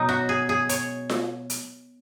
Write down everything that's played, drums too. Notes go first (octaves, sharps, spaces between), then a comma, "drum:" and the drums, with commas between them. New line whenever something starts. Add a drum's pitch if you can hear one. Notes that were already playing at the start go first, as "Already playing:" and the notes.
Already playing: B2 F#3 D#4
F#4
G#4
G#4
C#5, drum: hi-hat
drum: snare F4
drum: hi-hat